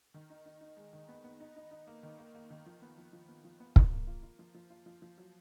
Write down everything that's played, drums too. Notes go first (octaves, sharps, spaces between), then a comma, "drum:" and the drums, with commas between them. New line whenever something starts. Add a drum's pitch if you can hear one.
D#3
D#4
D#4
D#4
G#3
D#3
B3
B3
D#4
D#4
D#4
A#3
D#3
A#3
A#3
D#3
F3
B3
F3
F3
B3
F3
B3
B3, drum: kick
A#3
F4
F4
F3
F3
F4
F3
F3
F#3